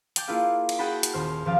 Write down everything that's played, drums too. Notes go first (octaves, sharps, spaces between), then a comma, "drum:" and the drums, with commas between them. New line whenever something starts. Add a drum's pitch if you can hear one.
G5 A5 D6 G6, drum: hi-hat
A#3 E4 F4 G#4 F5
drum: cymbal
F#4 G#4 F#5 G5 A5 B5
drum: hi-hat
D#1 C5 F6
D#1 F3 G4 F5 A5